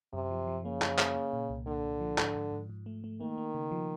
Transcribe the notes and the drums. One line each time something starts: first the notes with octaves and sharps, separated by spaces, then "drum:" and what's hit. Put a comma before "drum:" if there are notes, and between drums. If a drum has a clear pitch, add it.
F#2 C3
F3
F3
C#3 A#3
F#2, drum: clap
A#3, drum: clap
A#3
A#2
C2
D3 A#3
C2
F3
G#2, drum: clap
G#2
G#2
G#2
A3
A3
D#3 A#3
A#3
C#3
F3